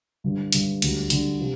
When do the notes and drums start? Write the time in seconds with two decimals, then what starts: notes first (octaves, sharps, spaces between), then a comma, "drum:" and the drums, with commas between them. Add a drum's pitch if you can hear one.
0.24 G2 D3 G3
0.53 G2 D3 G3, drum: hi-hat
0.82 D2 D3 G3, drum: cymbal
1.10 D2 D3 G3, drum: hi-hat
1.40 C3 F3